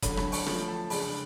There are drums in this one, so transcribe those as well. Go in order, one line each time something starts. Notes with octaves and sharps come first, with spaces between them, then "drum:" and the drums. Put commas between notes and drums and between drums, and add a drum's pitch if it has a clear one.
D3 F#3 C#4 B5, drum: kick F1, hi-hat
B5, drum: rim click
C#6, drum: open hi-hat
F3 A3 C#4 B5, drum: rim click
A5
C#3 G#3 D4 B5, drum: open hi-hat
B5